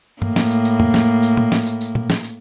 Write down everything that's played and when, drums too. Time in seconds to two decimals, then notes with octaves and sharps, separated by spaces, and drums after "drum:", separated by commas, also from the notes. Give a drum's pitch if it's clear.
0.22 A2 A#3, drum: tom G2
0.36 drum: snare
0.51 drum: tambourine
0.65 drum: tambourine
0.80 drum: tom F2
0.94 drum: snare
1.23 drum: tambourine
1.37 drum: tom A#2
1.52 drum: snare
1.66 drum: tambourine
1.81 drum: tambourine
1.95 drum: tom A#2
2.10 drum: snare
2.24 drum: tambourine